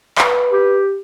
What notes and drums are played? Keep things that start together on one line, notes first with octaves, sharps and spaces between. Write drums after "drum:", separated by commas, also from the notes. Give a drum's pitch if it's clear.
B4, drum: clap
G4